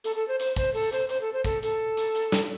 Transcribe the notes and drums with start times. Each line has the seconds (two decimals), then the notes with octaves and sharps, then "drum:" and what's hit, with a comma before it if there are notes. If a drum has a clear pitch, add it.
0.04 A4, drum: hi-hat
0.16 A4
0.28 C5
0.40 C5, drum: hi-hat
0.56 C5, drum: kick, hi-hat
0.74 A4, drum: open hi-hat
0.92 C5, drum: hi-hat
1.09 C5, drum: hi-hat
1.21 A4
1.33 C5
1.44 A4, drum: kick, hi-hat
1.63 A4, drum: hi-hat
1.97 drum: hi-hat
2.15 drum: hi-hat
2.32 drum: snare